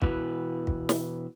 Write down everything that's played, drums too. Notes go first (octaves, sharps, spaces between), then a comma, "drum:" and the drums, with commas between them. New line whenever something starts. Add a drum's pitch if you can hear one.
E2 B2 E4 F#4 B4, drum: kick
drum: kick
drum: snare